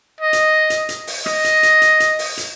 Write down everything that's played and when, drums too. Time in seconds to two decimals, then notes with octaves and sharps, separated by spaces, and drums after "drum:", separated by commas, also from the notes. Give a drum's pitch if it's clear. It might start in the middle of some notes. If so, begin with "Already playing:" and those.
0.21 D#5
0.33 drum: hi-hat
0.70 drum: hi-hat
0.89 drum: hi-hat
1.07 drum: open hi-hat
1.26 D#5, drum: rim click
1.44 drum: hi-hat
1.63 drum: hi-hat
1.82 drum: hi-hat
2.00 drum: hi-hat
2.19 drum: open hi-hat
2.37 drum: hi-hat